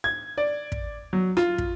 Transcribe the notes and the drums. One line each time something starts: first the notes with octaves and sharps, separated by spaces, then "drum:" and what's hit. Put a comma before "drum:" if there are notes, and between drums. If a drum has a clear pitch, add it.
G#6
D5
drum: kick
F#3
F4, drum: rim click
drum: kick